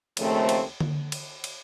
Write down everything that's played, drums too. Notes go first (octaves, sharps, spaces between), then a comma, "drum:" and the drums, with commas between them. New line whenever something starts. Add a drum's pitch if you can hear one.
D#2 C#3 F3 A3 C4, drum: cymbal
drum: cymbal
drum: tom D3
drum: cymbal
drum: cymbal